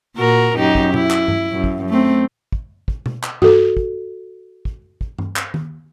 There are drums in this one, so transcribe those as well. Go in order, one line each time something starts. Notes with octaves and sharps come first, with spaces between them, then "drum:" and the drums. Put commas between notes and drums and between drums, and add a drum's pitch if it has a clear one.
A#2 F#4 A#4
F#2 D#4 G4
drum: kick
E4, drum: tom B2
drum: clap
drum: tom G2
F#2
drum: kick
A3 C4
drum: kick
drum: kick
drum: tom B2
drum: clap
F#4 A4, drum: tom G2
drum: kick
drum: kick
drum: kick
drum: tom G2
drum: clap
drum: tom